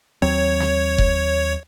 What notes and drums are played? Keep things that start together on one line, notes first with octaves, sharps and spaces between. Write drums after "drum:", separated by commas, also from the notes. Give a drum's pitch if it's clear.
D#2 F#3 C4 C#5
drum: snare
drum: kick F1